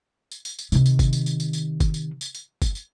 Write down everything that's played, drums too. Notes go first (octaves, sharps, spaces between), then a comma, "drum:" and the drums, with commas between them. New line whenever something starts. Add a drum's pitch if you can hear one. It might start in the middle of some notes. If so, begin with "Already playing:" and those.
drum: tambourine
drum: tambourine
drum: tambourine
C3 D#3, drum: tambourine
drum: tambourine
drum: kick F#1, tambourine
drum: tambourine
drum: tambourine
drum: tambourine
drum: tambourine
drum: kick F#1, tambourine
drum: tambourine
drum: tambourine
drum: tambourine
drum: kick F#1, tambourine
drum: tambourine